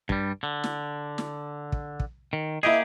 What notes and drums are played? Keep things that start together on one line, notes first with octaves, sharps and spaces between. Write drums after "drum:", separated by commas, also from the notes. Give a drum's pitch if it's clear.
G2 G3, drum: kick
D3
drum: snare
drum: snare
drum: kick
drum: kick
D#3
A#3 E4 G4 G#4 D#5